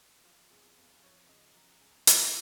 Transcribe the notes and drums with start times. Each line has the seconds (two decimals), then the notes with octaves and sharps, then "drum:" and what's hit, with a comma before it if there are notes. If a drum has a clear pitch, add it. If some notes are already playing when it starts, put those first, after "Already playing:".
0.25 F3 F4
0.51 F2 G#4
0.77 F2 F4
1.03 F3 C#5
1.29 C#3 D#5
1.55 F3 A#5
1.81 C#2 G#5
2.07 C#2 F5, drum: hi-hat